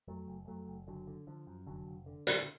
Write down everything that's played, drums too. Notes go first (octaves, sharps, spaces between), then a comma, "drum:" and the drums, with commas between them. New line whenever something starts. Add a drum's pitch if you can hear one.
F2 F#3 A3
F#1
F2 F#3 A3
F#1
F#1 D3 F#3
D3
D3 F3
F#2
F1 D3 F#3
F1
D3
D3, drum: hi-hat